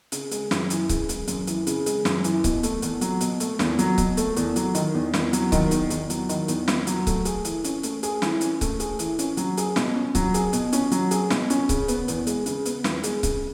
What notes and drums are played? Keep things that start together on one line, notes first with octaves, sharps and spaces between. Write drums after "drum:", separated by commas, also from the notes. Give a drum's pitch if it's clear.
C#3, drum: hi-hat
G#3, drum: hi-hat
F#2, drum: snare
E3, drum: hi-hat
C#3, drum: kick C#1, hi-hat
G#3, drum: hi-hat
F#2, drum: hi-hat
E3, drum: hi-hat
C#3, drum: hi-hat
G#3, drum: hi-hat
F#2, drum: snare
E3, drum: hi-hat
B2, drum: kick C#1, hi-hat
A3, drum: hi-hat
E2, drum: hi-hat
F#3, drum: hi-hat
B2, drum: hi-hat
A3, drum: hi-hat
E2, drum: snare
F#3, drum: hi-hat
B2, drum: kick C#1, hi-hat
A3, drum: hi-hat
E2, drum: hi-hat
F#3, drum: hi-hat
D#3, drum: hi-hat
E2
E2, drum: snare
F#3, drum: hi-hat
D#3, drum: kick C#1, hi-hat
E2, drum: hi-hat
E2, drum: hi-hat
F#3, drum: hi-hat
D#3, drum: hi-hat
E2, drum: hi-hat
E2, drum: snare
F#3, drum: hi-hat
A3, drum: kick C#1, hi-hat
G#4, drum: hi-hat
E3, drum: hi-hat
C#4, drum: hi-hat
A3, drum: hi-hat
G#4, drum: hi-hat
E3, drum: snare
C#4, drum: hi-hat
A3, drum: kick C#1, hi-hat
G#4, drum: hi-hat
E3, drum: hi-hat
C#4, drum: hi-hat
F#3, drum: hi-hat
G#4, drum: hi-hat
B2, drum: snare
C#4
F#3, drum: kick C#1, hi-hat
G#4, drum: hi-hat
B2, drum: hi-hat
C#4, drum: hi-hat
F#3, drum: hi-hat
G#4, drum: hi-hat
B2, drum: snare
C#4, drum: hi-hat
C#3, drum: kick C#1, hi-hat
B3, drum: hi-hat
E2, drum: hi-hat
G#3, drum: hi-hat
C#3, drum: hi-hat
B3, drum: hi-hat
E2, drum: snare
G#3, drum: hi-hat
C#3, drum: kick C#1, hi-hat